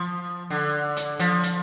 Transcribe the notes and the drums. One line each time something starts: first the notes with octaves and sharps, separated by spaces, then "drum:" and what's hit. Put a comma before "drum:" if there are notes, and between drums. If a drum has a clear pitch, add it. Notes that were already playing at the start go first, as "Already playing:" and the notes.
Already playing: F3
D3
drum: hi-hat
F3, drum: hi-hat
drum: hi-hat